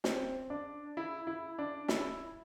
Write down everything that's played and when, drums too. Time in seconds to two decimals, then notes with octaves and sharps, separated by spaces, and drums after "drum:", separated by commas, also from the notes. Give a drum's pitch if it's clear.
0.04 C4, drum: snare
0.50 D4
0.97 E4
1.27 E4
1.58 D4
1.88 E4, drum: snare